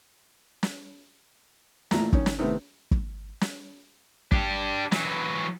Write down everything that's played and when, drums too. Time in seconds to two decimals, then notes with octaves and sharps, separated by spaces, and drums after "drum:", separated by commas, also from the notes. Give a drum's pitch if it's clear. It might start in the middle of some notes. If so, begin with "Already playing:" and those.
0.63 drum: snare
1.91 A1 A#2 A3 A#5, drum: snare
2.13 D#3 C#4, drum: kick
2.26 drum: snare
2.39 C3 D#3 A3 B3
2.91 drum: kick
3.41 drum: snare
4.32 D4 G4, drum: kick
4.92 E3 F#3, drum: snare